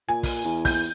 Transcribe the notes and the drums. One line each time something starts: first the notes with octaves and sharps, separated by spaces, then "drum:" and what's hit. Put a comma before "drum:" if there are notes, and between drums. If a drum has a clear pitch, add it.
A#2 G#5
drum: kick, open hi-hat
E2
G6, drum: kick, open hi-hat